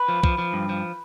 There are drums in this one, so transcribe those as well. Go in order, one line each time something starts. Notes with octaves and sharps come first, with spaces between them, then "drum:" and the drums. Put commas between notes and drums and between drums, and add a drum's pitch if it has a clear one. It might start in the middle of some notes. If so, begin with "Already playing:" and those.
Already playing: B4
F3
F3, drum: kick
F3
G2
F3